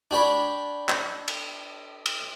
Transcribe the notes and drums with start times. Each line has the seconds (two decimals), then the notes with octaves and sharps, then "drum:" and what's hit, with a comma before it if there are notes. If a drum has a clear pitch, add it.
0.11 D4 G4 C#5 B5
0.89 drum: clap
1.28 drum: cymbal
2.06 drum: cymbal